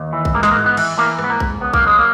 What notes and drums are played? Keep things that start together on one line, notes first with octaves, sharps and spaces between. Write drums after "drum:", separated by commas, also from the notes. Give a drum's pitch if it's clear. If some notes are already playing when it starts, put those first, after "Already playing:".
Already playing: D#2
E3
drum: kick A#1
G#2 A#3
G#3, drum: snare
A#3
G#2
B3
E3, drum: cymbal
E3 A#3
G#2, drum: rim click
B3
A#3
G#2, drum: kick A#1
C#2 B3
A#3, drum: kick A#1
F#3 G#3
A#3